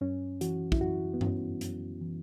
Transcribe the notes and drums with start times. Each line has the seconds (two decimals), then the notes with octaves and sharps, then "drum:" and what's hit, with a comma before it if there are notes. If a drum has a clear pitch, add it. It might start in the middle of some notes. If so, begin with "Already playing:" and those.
0.01 F#2 C#4
0.41 E3 F#4, drum: hi-hat
0.72 E4, drum: kick
0.81 F#2 F#4
1.14 B3
1.21 E3 C#4, drum: tom G2
1.61 F#2, drum: hi-hat
2.01 E3